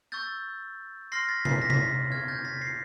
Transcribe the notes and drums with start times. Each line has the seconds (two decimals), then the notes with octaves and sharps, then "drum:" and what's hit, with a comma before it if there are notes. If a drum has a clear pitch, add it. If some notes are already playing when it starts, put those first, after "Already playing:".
0.12 C#6 E6 G6 A6
1.12 C6 F6 A#6 C7
1.29 A6 B6
1.45 C7, drum: tom C3
1.53 B6
1.62 A#6
1.70 A6 B6, drum: tom C3
2.12 C#6 F6 G#6
2.28 G6 A6
2.45 A6 B6
2.61 A#6 C7